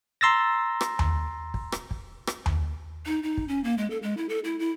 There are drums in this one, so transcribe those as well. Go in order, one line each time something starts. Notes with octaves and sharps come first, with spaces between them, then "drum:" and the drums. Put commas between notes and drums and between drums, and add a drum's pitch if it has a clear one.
A#5 C6 E6 A6 A#6
drum: rim click
drum: tom D#2
drum: kick
drum: rim click
drum: kick
drum: rim click
drum: tom D#2
D#4
D#4
drum: kick
C#4
A#3
G#3
A4
G#3
E4
A4
E4
E4